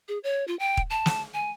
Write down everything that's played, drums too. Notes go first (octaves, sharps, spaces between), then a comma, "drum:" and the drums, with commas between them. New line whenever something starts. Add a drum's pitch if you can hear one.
G#4
C#5
F4
G5
drum: kick D#1
A5
drum: snare
G#5